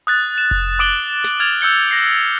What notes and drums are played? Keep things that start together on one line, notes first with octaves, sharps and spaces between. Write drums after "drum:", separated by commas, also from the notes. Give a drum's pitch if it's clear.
D#6 F#6 A6
E7
drum: kick F1
D6 D#6 D7 E7 F#7 G7
drum: snare
F6 G#6 A6 F7
E6 G6 C#7 G7
A#6 C7